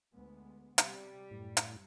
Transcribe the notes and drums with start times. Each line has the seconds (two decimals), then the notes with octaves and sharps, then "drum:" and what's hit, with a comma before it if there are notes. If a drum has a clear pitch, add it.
0.14 D2 G#3 B3
0.78 C3 G3, drum: hi-hat
1.31 F#2 A2
1.57 drum: hi-hat